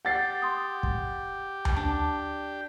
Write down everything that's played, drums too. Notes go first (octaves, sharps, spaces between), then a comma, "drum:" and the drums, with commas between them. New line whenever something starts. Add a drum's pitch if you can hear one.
G4 F#5 A6 C7
C6 D#6
drum: kick
drum: tom D2
D4